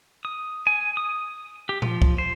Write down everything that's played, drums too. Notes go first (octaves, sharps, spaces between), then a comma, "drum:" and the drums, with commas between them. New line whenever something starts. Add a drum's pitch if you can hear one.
D#6
G#5
D#6
G4
F3, drum: tom A#2
drum: kick C2
C5